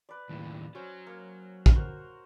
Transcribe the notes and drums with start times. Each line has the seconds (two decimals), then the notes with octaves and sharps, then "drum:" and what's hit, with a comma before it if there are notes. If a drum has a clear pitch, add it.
0.09 B4 D5
0.29 D#2 A2
0.75 F#3 C#4 C5
1.06 A#3
1.66 drum: kick
1.76 F#4 A#4 C5